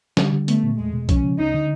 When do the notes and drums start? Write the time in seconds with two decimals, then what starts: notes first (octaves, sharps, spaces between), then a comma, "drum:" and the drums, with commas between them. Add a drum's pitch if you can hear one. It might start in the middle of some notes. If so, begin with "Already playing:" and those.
0.17 D3 G3, drum: snare
0.33 D3
0.48 A3 B3, drum: hi-hat
0.63 A#2
0.78 E2 G#3
0.93 B2
1.09 F3 C#4, drum: kick B1, hi-hat
1.24 C#3
1.39 D2 D#4
1.54 D3